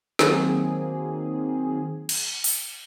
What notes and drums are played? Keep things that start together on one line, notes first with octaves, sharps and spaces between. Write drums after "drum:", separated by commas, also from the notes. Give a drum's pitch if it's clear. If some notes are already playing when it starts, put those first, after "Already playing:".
D#3 F#3 A#3 C4 G#4, drum: snare
drum: cymbal
drum: open hi-hat